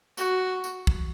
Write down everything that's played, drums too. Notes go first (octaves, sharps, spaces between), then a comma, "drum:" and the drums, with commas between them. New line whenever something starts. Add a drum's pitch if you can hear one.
F#4, drum: tambourine
drum: tambourine
drum: kick